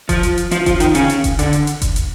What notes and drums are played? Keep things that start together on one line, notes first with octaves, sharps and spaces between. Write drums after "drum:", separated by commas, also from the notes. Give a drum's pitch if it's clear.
F3 F4, drum: kick F1, hi-hat
drum: hi-hat
drum: hi-hat
F3 F4, drum: hi-hat
F3 F4, drum: kick F1, hi-hat
D#3 D#4, drum: hi-hat
C#3 C#4, drum: hi-hat
drum: hi-hat
drum: kick F1, hi-hat
D3 D4, drum: hi-hat
drum: hi-hat
drum: hi-hat
drum: kick F1, hi-hat
drum: hi-hat